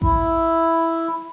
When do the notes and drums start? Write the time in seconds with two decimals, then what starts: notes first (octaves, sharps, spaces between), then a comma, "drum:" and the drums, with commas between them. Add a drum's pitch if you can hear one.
0.02 E4, drum: kick A1